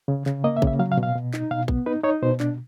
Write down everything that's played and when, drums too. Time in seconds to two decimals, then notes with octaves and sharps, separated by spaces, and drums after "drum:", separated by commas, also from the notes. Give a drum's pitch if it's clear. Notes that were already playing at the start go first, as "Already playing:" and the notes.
0.08 C#3
0.26 C#3, drum: clap
0.44 A#3 D#5
0.57 E5
0.62 C#3, drum: kick
0.67 E5
0.79 F#3 F5
0.92 F5
0.97 B2
1.03 F5
1.16 B2
1.34 D#4, drum: clap
1.51 B2 F5
1.68 B3, drum: kick
1.86 D#4 B4
2.04 D#4 C#5
2.22 B2 C5
2.40 D4, drum: clap